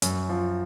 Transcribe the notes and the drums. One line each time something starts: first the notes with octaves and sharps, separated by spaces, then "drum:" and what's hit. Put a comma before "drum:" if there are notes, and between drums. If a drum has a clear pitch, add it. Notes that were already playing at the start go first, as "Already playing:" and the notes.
F#2, drum: hi-hat
F3